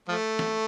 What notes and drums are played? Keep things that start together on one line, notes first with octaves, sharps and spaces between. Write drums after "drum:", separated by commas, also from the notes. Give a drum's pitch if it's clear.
F3 A3
drum: snare